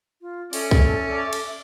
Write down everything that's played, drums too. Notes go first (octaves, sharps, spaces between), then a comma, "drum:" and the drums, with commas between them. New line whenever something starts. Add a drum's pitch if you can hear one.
F4
C#4 A4 D5 E5, drum: open hi-hat
drum: kick C2
D5
drum: cymbal